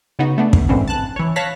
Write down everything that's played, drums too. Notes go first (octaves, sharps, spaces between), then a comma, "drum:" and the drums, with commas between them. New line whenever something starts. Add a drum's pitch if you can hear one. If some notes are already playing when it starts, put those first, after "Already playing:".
C#3 B3 D#4 F#4
A3 B3 D4
drum: kick
G#2 D3 E3 C4 C#4
A5 F#6
E3 C#5
C#5 F5 A5 F#6 A#6 B6